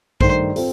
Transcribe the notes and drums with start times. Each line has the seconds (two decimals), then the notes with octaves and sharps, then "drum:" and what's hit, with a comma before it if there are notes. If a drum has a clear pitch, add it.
0.21 G2 D#3 A3 C5, drum: kick A#1
0.56 C4 F4 A4, drum: open hi-hat